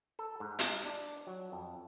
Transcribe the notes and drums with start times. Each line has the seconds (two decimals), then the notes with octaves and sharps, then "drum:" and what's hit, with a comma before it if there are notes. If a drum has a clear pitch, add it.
0.19 A4
0.40 G#2
0.59 D#4, drum: hi-hat
0.85 D4
1.27 F#3
1.52 F2